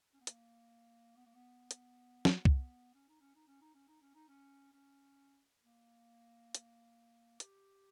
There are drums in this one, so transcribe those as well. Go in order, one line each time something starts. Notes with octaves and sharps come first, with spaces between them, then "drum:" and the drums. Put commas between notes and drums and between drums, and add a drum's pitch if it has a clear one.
C#4
B3
A#3, drum: hi-hat
B3
A#3
B3
drum: hi-hat
drum: snare
drum: kick C2
C#4
D#4
C#4
D#4
C#4
D#4
C#4
D#4
C#4
D#4
C#4
C#4
A#3
drum: hi-hat
G4, drum: hi-hat